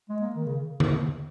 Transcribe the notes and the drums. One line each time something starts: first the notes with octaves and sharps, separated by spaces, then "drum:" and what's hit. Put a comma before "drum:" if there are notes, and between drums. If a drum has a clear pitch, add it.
G#3
A#3
D#3
C#3
drum: tom D3